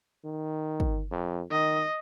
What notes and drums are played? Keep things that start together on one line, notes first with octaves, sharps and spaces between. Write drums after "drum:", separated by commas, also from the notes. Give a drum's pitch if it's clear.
D#3
drum: kick
F2
D#3 D#5